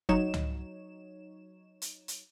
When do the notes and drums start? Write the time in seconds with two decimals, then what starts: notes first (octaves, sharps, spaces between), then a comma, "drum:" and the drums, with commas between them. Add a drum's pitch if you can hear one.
0.09 F#3 D#4 C#5 E7, drum: kick
0.34 drum: tom
1.82 drum: hi-hat
2.08 drum: hi-hat